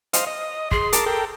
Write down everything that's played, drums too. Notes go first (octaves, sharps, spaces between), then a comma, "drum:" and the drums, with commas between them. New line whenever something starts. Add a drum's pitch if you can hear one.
C5 D#5 F5, drum: hi-hat
D#5
G#4 C6, drum: kick
A#4 A5 D6, drum: hi-hat
A4 A#4 G5